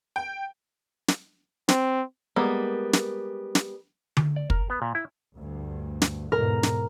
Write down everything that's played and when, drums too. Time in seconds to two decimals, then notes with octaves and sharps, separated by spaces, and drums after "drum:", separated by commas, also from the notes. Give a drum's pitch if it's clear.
0.16 G5
1.08 drum: snare
1.69 C4, drum: snare
2.36 G3 G#3 A#3 B3
2.93 drum: snare
3.55 drum: snare
4.17 drum: tom D3
4.36 D5
4.50 A#4, drum: kick
4.70 B3
4.82 A#2
4.95 E4
5.36 D2 G2
6.02 drum: snare
6.32 E2 G#2 B2 A#4 A#5
6.63 drum: snare